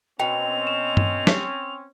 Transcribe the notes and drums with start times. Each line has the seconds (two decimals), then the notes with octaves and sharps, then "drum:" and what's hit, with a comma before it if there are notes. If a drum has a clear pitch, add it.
0.20 B2 C4 C#4 G5 F7
0.67 E7
0.97 drum: tom
1.27 drum: snare